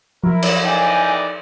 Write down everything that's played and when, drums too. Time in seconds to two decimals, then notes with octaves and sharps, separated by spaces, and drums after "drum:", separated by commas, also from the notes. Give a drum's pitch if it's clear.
0.24 F3 F#3 E4 A#4
0.42 drum: cymbal
0.63 E3 D#4 D5 G5 G#5